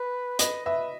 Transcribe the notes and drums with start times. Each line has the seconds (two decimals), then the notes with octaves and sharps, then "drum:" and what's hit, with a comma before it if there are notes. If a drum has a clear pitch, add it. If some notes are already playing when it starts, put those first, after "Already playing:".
Already playing: B4
0.39 B4 D#5, drum: hi-hat
0.65 B4 E5